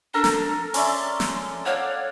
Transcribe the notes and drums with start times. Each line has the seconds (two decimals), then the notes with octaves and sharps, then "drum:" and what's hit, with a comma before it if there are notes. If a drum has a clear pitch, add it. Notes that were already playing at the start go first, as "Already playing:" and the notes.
0.14 D4 A4 A#4 A#5
0.24 drum: snare
0.74 C#4 D5 E5 C6, drum: open hi-hat
1.20 drum: snare
1.66 C#5 D5 F5 F#5